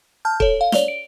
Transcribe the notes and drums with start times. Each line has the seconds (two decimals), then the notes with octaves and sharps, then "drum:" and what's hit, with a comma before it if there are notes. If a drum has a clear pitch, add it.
0.25 A5 F6 G6
0.40 A4 C#5, drum: kick
0.61 F5
0.72 C#5 D5 F7 G7, drum: snare
0.88 D7